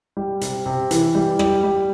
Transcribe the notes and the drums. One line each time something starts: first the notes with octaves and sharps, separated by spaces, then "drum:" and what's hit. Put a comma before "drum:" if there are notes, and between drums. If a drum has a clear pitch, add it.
G3
C3, drum: hi-hat
C3
E3, drum: hi-hat
G3
G3, drum: rim click
G3